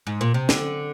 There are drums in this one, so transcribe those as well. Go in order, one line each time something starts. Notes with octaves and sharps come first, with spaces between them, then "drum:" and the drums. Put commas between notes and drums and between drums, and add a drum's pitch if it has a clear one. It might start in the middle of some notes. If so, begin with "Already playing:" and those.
G#2
A#2
C3
D3, drum: snare